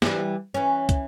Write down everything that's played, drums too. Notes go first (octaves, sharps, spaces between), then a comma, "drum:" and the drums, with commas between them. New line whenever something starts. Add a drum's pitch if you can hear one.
E3 G3, drum: snare
E3 C#4
drum: kick, hi-hat